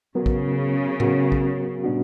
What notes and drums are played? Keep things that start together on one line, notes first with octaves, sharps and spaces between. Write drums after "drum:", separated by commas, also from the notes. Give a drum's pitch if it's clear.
C#3 F#3 B3 F#4 A#4
drum: kick
F#3 B3 F#4 A#4, drum: tom A2
drum: kick
A#2 G3 B3 D4 F#4